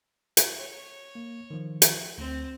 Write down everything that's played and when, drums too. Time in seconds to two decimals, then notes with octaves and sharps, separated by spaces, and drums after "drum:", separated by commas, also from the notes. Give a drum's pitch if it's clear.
0.37 drum: hi-hat
0.58 C#5
1.15 A#3
1.51 D#3 F3
1.82 drum: hi-hat
2.18 D2 C4